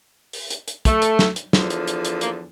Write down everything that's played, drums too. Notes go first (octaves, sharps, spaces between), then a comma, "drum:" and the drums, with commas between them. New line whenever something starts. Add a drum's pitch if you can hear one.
drum: open hi-hat
drum: hi-hat
drum: hi-hat
A3, drum: kick, hi-hat
drum: hi-hat
drum: snare
drum: hi-hat
E2 D3 F3, drum: snare
drum: hi-hat
drum: hi-hat
drum: hi-hat
A#3, drum: hi-hat